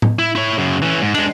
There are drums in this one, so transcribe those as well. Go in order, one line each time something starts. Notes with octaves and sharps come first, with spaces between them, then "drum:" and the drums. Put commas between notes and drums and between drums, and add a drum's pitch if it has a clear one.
drum: tom A2
E4
E4 C#5
F#2 C#3
E3 C#4
G#2
G#3 D4, drum: cymbal